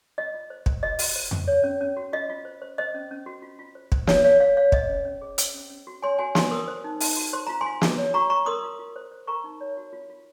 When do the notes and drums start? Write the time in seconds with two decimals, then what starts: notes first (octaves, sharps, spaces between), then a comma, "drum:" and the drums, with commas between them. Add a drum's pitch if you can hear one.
0.18 F4 D#5
0.34 F4
0.50 C5
0.66 C5, drum: kick
0.83 F#4 D#5
0.99 F#4, drum: open hi-hat
1.16 C5
1.31 C5, drum: tom F2
1.48 C#5
1.64 C#4
1.81 C#4
1.97 F#4
2.13 F4 D#5
2.29 F4
2.45 C5
2.62 C5
2.78 C5 D#5
2.94 C#4
3.11 C#4
3.26 F#4
3.42 F4
3.59 F4
3.75 C5
3.92 C5, drum: kick
4.07 F4 C#5 F5, drum: snare
4.24 F4 C#5 F5
4.40 C5 C#5 F5
4.57 C5 C#5 F5
4.72 C5 D#5, drum: kick
4.89 C#4
5.05 C#4
5.22 G#4
5.38 C5, drum: hi-hat
5.54 C#4
5.70 C#4
5.87 F#4
6.02 C#5 G#5 C6
6.19 F#4 G#5 C6
6.35 F#4 G#5 C6, drum: snare
6.51 A#4 C6 D#6
6.68 C5
6.84 D#4
7.00 D#4, drum: open hi-hat
7.17 F#4
7.33 C5 C6
7.47 F4 A#5
7.61 G#5 C6
7.66 F4
7.81 G#4, drum: snare
7.98 C#5
8.14 F#4 A#5 C#6
8.30 F#4 A#5 C#6
8.46 A#4 C6 D#6
8.64 F4
8.79 F4
8.96 C5
9.12 C5
9.27 A#4 A#5 C#6
9.44 D#4
9.61 C#5
9.77 F#4
9.93 F4
10.10 F4